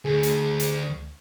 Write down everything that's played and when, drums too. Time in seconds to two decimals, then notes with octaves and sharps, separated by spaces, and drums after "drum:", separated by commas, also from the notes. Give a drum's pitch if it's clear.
0.05 D2 G#4
0.23 drum: hi-hat
0.60 drum: hi-hat